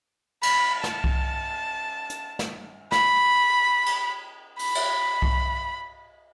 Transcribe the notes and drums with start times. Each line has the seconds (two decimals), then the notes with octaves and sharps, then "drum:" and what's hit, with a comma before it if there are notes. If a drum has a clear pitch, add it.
0.43 B5, drum: cymbal
0.84 A5, drum: snare
1.04 drum: kick C2
2.10 drum: hi-hat
2.39 drum: snare
2.92 B5, drum: snare
3.86 drum: cymbal
4.59 B5, drum: open hi-hat
4.75 drum: cymbal
5.22 drum: kick C2